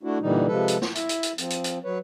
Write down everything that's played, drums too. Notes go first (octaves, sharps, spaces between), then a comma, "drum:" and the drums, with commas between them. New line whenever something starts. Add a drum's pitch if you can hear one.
A3 D4 E4 F#4
A#2 D3 E3 G3 D#4
C3 F3 G#3 A4 B4
drum: hi-hat
drum: snare
E4 E5, drum: hi-hat
drum: hi-hat
drum: hi-hat
F3 C4, drum: hi-hat
drum: hi-hat
drum: hi-hat
F#3 B4 C#5